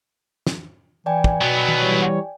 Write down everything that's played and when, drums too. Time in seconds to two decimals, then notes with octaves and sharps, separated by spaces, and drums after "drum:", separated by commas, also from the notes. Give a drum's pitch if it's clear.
0.47 drum: snare
1.06 E3 D5 G5 G#5
1.24 drum: kick
1.41 B2 F#3 B3
1.68 drum: tom D#3
1.79 E3 G3 C#5